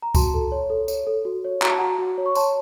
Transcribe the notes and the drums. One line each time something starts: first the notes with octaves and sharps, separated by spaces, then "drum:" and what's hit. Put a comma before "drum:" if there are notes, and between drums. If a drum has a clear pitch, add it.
A#5
F#4 A5 C6, drum: kick C2, tambourine
A4
C#5
A4
C#5, drum: tambourine
A4
F#4
C#5
F#4 A#5, drum: clap
A5
F#4 F#5 A#5
F#4
C#5
C#6
C#5 A5 C6, drum: tambourine